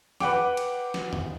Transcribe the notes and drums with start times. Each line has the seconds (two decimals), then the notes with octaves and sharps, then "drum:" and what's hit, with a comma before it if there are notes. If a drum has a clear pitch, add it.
0.20 B4 F#5 G5 D6, drum: snare
0.57 drum: cymbal
0.94 drum: snare
1.13 drum: tom E2